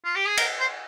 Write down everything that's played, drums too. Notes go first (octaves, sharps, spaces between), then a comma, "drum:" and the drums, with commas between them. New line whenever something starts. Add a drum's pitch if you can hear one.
F4
G4
G#4
A#4, drum: cymbal
C5